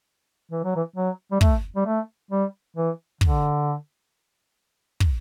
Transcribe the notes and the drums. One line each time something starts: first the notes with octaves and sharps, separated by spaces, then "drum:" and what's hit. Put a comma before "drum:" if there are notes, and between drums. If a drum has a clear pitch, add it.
E3
F#3
E3
F#3
G3
A3, drum: kick
G3
A3
G3
E3
D3, drum: kick
drum: kick